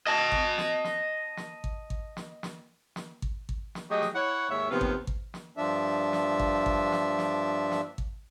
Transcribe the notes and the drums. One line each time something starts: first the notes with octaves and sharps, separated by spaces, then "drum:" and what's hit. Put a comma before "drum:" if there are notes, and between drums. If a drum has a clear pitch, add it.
D#5 A5
drum: kick G#1
drum: snare
drum: snare
drum: snare
drum: kick G#1
drum: kick G#1
drum: snare
drum: snare
drum: snare
drum: kick G#1
drum: kick G#1
drum: snare
F#3 A3 G4 G#4 D#5
drum: snare
E4 C#5 F#5
D#2 G#2 C#5 E5
D#2 C3 F3 B3 C5 F5
drum: kick G#1
drum: kick G#1
drum: snare
G2 F3 D4 E5
drum: snare
drum: kick G#1
drum: kick G#1
drum: snare
drum: snare
drum: snare
drum: kick G#1